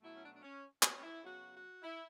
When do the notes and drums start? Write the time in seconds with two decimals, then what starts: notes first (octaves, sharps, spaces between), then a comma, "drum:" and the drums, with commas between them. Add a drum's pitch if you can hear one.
0.02 B2 F#3 A3 E4
0.16 C#4
0.22 D4
0.33 D4
0.42 C#4
0.83 C#4, drum: clap
1.03 E4
1.23 C#3 F#3 B3 F#4
1.53 F#4
1.83 E4